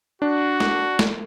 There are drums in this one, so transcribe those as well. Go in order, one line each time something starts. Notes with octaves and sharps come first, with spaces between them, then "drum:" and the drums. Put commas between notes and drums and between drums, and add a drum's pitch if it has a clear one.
D4 F#4
drum: snare
drum: snare